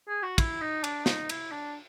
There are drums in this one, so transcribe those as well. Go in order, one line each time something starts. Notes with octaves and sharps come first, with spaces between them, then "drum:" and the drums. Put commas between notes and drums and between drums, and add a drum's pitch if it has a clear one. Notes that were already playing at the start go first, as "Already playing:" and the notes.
G#4
F#4
E4, drum: kick, cymbal
D#4
D4, drum: cymbal
D#4, drum: snare
E4, drum: cymbal
D4